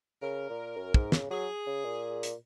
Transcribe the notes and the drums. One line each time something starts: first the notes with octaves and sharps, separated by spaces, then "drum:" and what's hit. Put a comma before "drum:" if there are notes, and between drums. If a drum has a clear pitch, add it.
C#3 A#4
A#2
F#2
G#2, drum: kick
C#3, drum: snare
F#3 G#4
C#3
A#2
drum: hi-hat